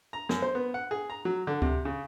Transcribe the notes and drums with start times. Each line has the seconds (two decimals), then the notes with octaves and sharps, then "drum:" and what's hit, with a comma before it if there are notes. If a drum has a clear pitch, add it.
0.13 A#5
0.29 F#2, drum: snare
0.42 C5
0.55 B3
0.74 F#5
0.91 G#4
1.10 A#5
1.25 F#3
1.47 D3
1.62 C3, drum: kick C#2
1.85 C#3